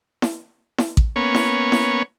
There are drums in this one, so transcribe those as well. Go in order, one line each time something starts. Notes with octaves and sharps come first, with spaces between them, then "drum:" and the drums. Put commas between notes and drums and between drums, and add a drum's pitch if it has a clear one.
drum: snare E4
drum: snare E4
drum: kick A1
A#3 B3 C#4 C#5
drum: snare E4
drum: snare E4